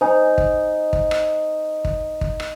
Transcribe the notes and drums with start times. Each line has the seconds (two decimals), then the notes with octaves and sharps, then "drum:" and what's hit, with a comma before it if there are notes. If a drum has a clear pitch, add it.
0.01 D#4 C5 G#5
0.38 drum: kick
0.93 drum: kick
1.11 drum: rim click
1.85 drum: kick
2.21 drum: kick
2.40 drum: rim click